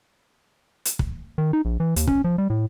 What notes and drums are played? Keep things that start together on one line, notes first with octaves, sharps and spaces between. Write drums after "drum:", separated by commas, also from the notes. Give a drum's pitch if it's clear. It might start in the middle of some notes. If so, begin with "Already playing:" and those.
drum: hi-hat
drum: kick
D#3
D#4
A#1
E3
D#2, drum: hi-hat
C#4, drum: kick
F3
G3
A2